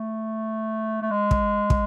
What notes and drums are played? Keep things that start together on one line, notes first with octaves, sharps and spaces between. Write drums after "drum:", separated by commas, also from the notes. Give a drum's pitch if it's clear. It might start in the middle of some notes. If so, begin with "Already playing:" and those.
Already playing: A3
A3
G#3
drum: kick
drum: kick